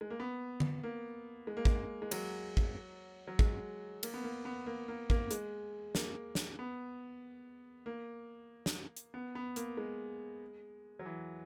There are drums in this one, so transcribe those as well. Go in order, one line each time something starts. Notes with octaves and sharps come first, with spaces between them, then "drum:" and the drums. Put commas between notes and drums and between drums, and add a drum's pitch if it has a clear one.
G#3
A#3
B3
drum: tom D3
A#3
G#3
A#3
G#3, drum: kick
G#3
F#3, drum: cymbal
drum: kick
F#3
G#3, drum: kick
A#3, drum: cymbal
B3
A#3
B3
A#3
A#3
A#3, drum: kick
G#3, drum: hi-hat
A#3, drum: snare
drum: snare
B3
A#3
drum: snare
drum: hi-hat
B3
B3
A#3, drum: hi-hat
G#3
F#3
E3